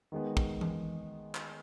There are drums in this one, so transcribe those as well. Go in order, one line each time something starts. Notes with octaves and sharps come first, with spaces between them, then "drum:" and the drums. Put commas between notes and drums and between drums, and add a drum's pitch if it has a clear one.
D#3 G#3 B3
drum: kick
drum: tom E3
drum: clap